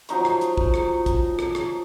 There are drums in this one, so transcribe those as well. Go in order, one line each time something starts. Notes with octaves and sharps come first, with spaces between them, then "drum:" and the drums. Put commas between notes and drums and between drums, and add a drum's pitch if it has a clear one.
F3 F#3 D#4 C#6, drum: hi-hat
drum: rim click
drum: hi-hat
drum: kick
drum: rim click
drum: kick, hi-hat
drum: rim click
drum: rim click